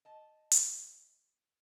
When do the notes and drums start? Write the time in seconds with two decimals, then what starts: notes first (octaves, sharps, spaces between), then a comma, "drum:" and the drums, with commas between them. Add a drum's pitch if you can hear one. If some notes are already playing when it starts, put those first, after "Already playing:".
0.05 D#5 A5
0.51 drum: hi-hat